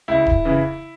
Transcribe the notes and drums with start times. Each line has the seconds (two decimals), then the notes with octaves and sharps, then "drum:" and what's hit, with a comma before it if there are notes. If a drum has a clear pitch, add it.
0.08 C#2 E4
0.26 drum: kick D1
0.45 C#3 E3